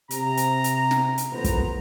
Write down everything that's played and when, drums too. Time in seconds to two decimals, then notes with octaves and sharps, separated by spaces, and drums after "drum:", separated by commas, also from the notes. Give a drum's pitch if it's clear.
0.11 C3 A#5, drum: hi-hat
0.37 drum: hi-hat
0.64 drum: hi-hat
0.91 drum: snare
1.18 drum: hi-hat
1.31 A1 A#2 B3 C5 A#5
1.44 drum: kick, hi-hat